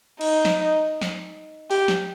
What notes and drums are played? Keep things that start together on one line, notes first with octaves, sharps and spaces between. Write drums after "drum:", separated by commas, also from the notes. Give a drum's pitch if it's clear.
D#4, drum: cymbal
drum: snare
drum: snare
G4, drum: open hi-hat
drum: snare